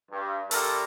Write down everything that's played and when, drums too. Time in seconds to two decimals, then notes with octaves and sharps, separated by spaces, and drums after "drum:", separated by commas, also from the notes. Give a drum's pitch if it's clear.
0.11 G2
0.51 D3 G3 A3 A4 A#4, drum: open hi-hat